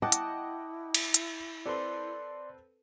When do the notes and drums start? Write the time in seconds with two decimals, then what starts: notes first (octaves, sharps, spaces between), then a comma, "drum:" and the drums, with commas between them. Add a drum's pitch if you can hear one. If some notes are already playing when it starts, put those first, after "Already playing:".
0.02 E4 D#5 F#5 G5 A5 D6
0.12 drum: hi-hat
0.94 drum: cymbal
1.14 drum: hi-hat
1.66 C4 A4 B4 D5 C6